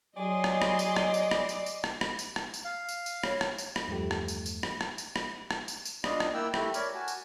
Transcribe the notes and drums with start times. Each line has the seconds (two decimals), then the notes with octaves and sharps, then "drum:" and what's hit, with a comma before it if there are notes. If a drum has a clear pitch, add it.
0.17 F#3 G#4 D5 D#5 C6
0.44 drum: rim click
0.62 drum: rim click
0.79 drum: tambourine
0.96 drum: rim click
1.14 drum: tambourine
1.31 drum: rim click
1.49 drum: tambourine
1.66 drum: tambourine
1.84 drum: rim click
2.01 drum: rim click
2.19 drum: tambourine
2.36 drum: rim click
2.54 drum: tambourine
2.65 F5
2.89 drum: tambourine
3.06 drum: tambourine
3.24 C#5, drum: rim click
3.41 drum: rim click
3.58 drum: tambourine
3.76 drum: rim click
3.88 E2 G2 F3 A3 G4
4.11 drum: rim click
4.28 drum: tambourine
4.46 drum: tambourine
4.63 drum: rim click
4.81 drum: rim click
4.98 drum: tambourine
5.16 drum: rim click
5.51 drum: rim click
5.68 drum: tambourine
5.85 drum: tambourine
6.04 D4 F4 D#5, drum: rim click
6.20 drum: rim click
6.34 A#3 E4 G5 E6 F#6
6.54 A3 E4 G4, drum: rim click
6.74 A#4 C#5 D5 B5, drum: tambourine
6.94 F#4 G#5 A5
7.08 drum: tambourine